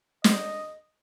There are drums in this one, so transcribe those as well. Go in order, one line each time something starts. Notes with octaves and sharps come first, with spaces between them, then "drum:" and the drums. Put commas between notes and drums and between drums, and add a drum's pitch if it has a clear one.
D#5, drum: snare